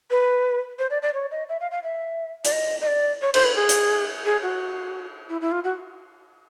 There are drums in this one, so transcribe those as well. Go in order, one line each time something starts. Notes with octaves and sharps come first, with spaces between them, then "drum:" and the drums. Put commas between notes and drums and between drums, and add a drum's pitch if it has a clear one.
B4
C5
D5
D5
C#5
D#5
E5
F5
F5
E5
D5, drum: hi-hat
D#5
D#5
D5
C#5
C5, drum: cymbal
B4
G#4
drum: hi-hat
G#4
F#4
E4
E4
F4
F#4